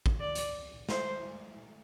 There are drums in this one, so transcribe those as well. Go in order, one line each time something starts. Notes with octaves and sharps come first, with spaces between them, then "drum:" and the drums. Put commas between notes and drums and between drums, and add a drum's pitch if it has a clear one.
drum: kick
D5
drum: hi-hat
C5, drum: snare